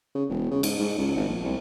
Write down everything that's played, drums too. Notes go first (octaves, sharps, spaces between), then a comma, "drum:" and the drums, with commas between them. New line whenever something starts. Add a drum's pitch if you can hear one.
C#3
E1
C#3
G#2, drum: cymbal
G#2
C#2
G#1
A#1
C2